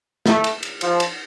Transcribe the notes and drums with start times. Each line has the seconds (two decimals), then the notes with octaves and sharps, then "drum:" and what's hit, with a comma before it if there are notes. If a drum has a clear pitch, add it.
0.26 A3, drum: snare
0.44 drum: cymbal
0.63 drum: cymbal
0.81 F3, drum: cymbal
1.00 drum: cymbal